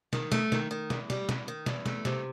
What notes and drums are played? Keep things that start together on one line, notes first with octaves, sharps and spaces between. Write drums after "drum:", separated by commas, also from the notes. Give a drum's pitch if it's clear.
D#3, drum: snare
A3, drum: snare
D#3, drum: snare
D#3
E2, drum: snare
G3, drum: snare
E2, drum: snare
D#3
E2, drum: snare
A3, drum: snare
C3, drum: snare